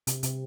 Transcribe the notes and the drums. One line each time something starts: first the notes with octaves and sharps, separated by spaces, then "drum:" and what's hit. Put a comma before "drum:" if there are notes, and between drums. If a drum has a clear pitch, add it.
C3, drum: hi-hat
C3, drum: hi-hat